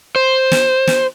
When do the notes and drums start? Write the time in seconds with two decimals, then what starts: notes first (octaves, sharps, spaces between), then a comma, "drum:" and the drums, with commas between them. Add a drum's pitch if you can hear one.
0.16 C5
0.52 drum: snare
0.87 drum: snare